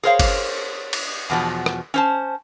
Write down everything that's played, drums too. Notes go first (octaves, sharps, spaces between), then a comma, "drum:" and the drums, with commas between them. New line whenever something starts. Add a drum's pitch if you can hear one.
G#4 A#4 C5 C#5 F5
drum: kick G1, cymbal
drum: cymbal
E2 B2 F3
drum: rim click
C#4 C5 A5